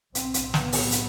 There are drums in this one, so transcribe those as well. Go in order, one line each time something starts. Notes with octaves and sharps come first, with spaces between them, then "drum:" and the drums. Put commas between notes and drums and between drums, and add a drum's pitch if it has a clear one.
B1 A2 C4, drum: hi-hat
drum: hi-hat
B3, drum: snare
drum: open hi-hat
drum: hi-hat